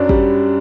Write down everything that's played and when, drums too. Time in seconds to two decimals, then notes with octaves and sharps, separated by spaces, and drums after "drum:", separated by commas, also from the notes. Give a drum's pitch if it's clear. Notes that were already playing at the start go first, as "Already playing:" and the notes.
Already playing: F#2 F#3 D4
0.09 G3, drum: kick